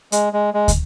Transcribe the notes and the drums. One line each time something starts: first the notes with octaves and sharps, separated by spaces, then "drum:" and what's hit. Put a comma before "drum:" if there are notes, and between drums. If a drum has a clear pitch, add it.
G#3, drum: hi-hat
G#3
G#3
drum: kick, hi-hat